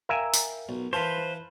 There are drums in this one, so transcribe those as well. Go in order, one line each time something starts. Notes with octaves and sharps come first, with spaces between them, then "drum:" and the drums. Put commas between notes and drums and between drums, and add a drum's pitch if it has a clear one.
A#4 E5 F5 G5 G#5
drum: open hi-hat
B1
E3 B4 C5 F5 A5 C6